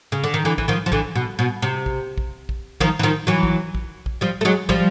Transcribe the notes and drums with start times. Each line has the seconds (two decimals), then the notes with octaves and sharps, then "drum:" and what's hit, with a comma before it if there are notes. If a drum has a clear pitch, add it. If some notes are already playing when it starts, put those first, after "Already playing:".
0.12 C#3
0.24 D3
0.34 D#3
0.45 D3 E3
0.58 E3, drum: kick
0.68 D#3 F3
0.86 F3
0.92 D3 E3, drum: kick
1.15 B2
1.39 B2
1.62 C3
1.86 drum: kick
2.18 drum: kick
2.49 drum: kick
2.80 D#3 F3, drum: kick
2.99 E3
3.03 D#3 F3
3.27 E3 F#3
3.43 drum: kick
3.75 drum: kick
4.06 drum: kick
4.21 F3 G3
4.41 A3
4.45 F#3 G#3
4.69 F3 G3, drum: kick